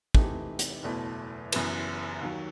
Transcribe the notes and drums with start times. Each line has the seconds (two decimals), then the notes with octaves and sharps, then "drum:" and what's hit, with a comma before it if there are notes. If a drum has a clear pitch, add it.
0.15 C3 E3 A3 D#4 G4, drum: kick
0.59 drum: hi-hat
0.83 F#1 E2 B2 A3 E4
1.52 F#1 F#2 E3 B3, drum: cymbal
2.21 D#2 D#3 F#3